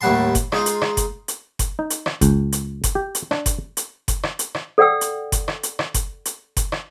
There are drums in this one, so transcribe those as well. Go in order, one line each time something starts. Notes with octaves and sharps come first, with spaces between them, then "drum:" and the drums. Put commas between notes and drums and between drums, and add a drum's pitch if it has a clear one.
D#2 A2 G3 F#5 A5 C6
drum: kick F#1, hi-hat
G#3 D#4 F4, drum: rim click
drum: hi-hat
drum: rim click
drum: kick F#1, hi-hat
drum: hi-hat
drum: kick F#1, hi-hat
D#4
drum: hi-hat
drum: rim click
C#2, drum: kick F#1, hi-hat
drum: hi-hat
drum: kick F#1, hi-hat
G4
drum: hi-hat
D4, drum: rim click
drum: kick F#1, hi-hat
drum: hi-hat
drum: kick F#1, hi-hat
drum: rim click
drum: hi-hat
drum: rim click
A4 D5 F#5 G5 E6
drum: hi-hat
drum: kick F#1, hi-hat
drum: rim click
drum: hi-hat
drum: rim click
drum: kick F#1, hi-hat
drum: hi-hat
drum: kick F#1, hi-hat
drum: rim click